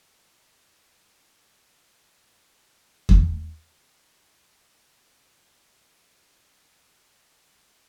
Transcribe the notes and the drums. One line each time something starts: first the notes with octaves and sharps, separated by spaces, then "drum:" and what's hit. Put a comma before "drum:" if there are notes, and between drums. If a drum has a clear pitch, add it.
B4
E2 B3 D4 F4 G4 G6
drum: kick E2
E4 E5
B4 G#5
G5 A#5
A3 D#4 B4 D#5
G4
F#3
D3